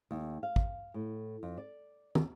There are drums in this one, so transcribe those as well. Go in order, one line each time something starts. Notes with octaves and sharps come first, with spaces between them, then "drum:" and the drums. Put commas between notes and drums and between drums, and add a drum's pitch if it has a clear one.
D#2
F5
drum: kick
A2
F2
D5
drum: tom